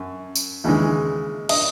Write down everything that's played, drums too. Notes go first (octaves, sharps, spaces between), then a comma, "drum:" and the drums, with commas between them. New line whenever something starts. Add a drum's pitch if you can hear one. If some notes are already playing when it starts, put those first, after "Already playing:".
Already playing: F#2
drum: tambourine
D#2 C#3 E3 G#3
D#5, drum: cymbal